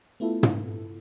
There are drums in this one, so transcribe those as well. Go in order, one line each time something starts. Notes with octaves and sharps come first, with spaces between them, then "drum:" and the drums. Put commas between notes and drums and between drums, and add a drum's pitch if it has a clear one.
A3 B3 E4 F4 A4
drum: tom